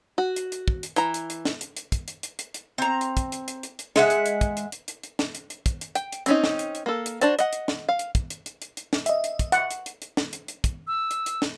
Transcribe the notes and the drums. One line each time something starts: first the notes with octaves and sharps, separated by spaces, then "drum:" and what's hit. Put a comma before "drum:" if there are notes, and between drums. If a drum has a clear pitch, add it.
F#4
drum: hi-hat
drum: hi-hat
drum: kick
drum: hi-hat
E3 A#5, drum: hi-hat
drum: hi-hat
drum: hi-hat
drum: snare
drum: hi-hat
drum: hi-hat
drum: kick, hi-hat
drum: hi-hat
drum: hi-hat
drum: hi-hat
drum: hi-hat
C4 A#5
drum: hi-hat
drum: kick, hi-hat
drum: hi-hat
drum: hi-hat
drum: hi-hat
drum: hi-hat
G#3 E5 F#5, drum: snare
drum: hi-hat
drum: hi-hat
drum: kick, hi-hat
drum: hi-hat
drum: hi-hat
drum: hi-hat
drum: hi-hat
drum: snare
drum: hi-hat
drum: hi-hat
drum: kick, hi-hat
drum: hi-hat
G5, drum: hi-hat
drum: hi-hat
C4 C#4 D#4, drum: hi-hat
drum: snare
drum: hi-hat
drum: hi-hat
A#3 A4
drum: hi-hat
D4 F#4 C5 A5, drum: hi-hat
D#5 F#5, drum: hi-hat
drum: hi-hat
drum: snare
F5
drum: hi-hat
drum: kick, hi-hat
drum: hi-hat
drum: hi-hat
drum: hi-hat
drum: hi-hat
drum: snare
D#5 E5, drum: hi-hat
drum: hi-hat
drum: kick, hi-hat
F#5, drum: hi-hat
drum: hi-hat
drum: hi-hat
drum: hi-hat
drum: snare
drum: hi-hat
drum: hi-hat
drum: kick, hi-hat
E6
drum: hi-hat
drum: hi-hat
drum: snare